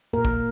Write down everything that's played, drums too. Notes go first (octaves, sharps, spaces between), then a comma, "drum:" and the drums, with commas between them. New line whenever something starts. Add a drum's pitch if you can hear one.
A#2 A#3 A#4
drum: kick